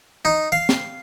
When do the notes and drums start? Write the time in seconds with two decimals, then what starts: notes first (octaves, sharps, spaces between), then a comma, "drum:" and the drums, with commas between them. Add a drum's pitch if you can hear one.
0.25 D#4
0.52 F5
0.69 drum: snare